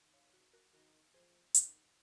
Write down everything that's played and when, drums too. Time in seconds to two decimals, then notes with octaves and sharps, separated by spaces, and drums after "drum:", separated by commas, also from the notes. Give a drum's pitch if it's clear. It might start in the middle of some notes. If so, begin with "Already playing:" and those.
Already playing: D#3
0.14 C#5 F5
0.34 F#4
0.53 F#4 A#4
0.73 D#3 F#4 A#4
1.14 F3 G#4 C5
1.55 D#3, drum: hi-hat